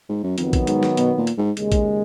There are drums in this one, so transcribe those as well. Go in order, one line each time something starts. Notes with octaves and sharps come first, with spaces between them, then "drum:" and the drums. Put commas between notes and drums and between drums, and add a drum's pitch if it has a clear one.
G#2
F#2
F2 D#3 F#3 B3, drum: hi-hat
drum: kick A#1, hi-hat
G#2, drum: hi-hat
drum: snare
B2, drum: hi-hat
A#2
drum: hi-hat
G#2
D#2 C#3 G#3, drum: hi-hat
drum: kick A#1, hi-hat